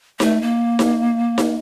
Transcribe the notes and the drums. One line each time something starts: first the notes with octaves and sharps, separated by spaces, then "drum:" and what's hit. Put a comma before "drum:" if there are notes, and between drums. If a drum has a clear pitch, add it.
A3, drum: snare D#4
A#3
drum: snare D#4
drum: snare D#4